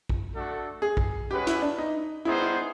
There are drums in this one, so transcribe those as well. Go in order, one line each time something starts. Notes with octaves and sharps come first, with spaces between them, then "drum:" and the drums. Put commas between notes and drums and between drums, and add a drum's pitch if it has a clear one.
drum: kick A#1
A3 D4 F#4 A4
G#4
drum: kick A#1
G#3 C#4 F#4 G4 B4
E4, drum: hi-hat
D4
D#4
G3 B3 D#4 E4 G#4 C5
E4